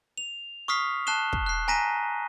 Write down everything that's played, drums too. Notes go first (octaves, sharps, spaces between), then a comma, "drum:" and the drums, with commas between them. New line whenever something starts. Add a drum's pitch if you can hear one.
F7
C#6 D#6 F6 B6 C7
A5 F#6 C7 E7 G7
drum: kick
F#6 C7
G#5 A#5 A#6 B6 D#7